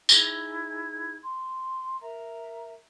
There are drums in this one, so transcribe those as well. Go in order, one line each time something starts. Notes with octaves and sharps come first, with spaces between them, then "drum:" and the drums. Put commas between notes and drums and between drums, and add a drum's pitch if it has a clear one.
D#4 E4 G#4 G#6, drum: tambourine
C6
A#4 E5 A#5